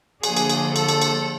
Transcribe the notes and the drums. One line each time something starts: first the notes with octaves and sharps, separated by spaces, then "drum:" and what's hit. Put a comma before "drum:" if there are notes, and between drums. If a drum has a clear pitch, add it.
D3 F3 A#3 D4 G#4, drum: cymbal
drum: cymbal
drum: cymbal
A4, drum: cymbal
drum: cymbal
drum: cymbal